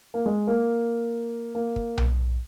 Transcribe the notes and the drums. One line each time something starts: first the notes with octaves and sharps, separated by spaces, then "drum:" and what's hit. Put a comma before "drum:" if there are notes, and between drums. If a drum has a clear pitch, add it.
A#3
G#3
A#3
A#3
drum: kick
drum: tom B1